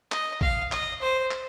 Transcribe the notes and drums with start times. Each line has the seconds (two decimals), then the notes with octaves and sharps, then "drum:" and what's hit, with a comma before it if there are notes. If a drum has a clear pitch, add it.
0.12 D#5, drum: clap
0.41 F5, drum: kick
0.72 D#5, drum: clap
1.02 C5
1.31 drum: clap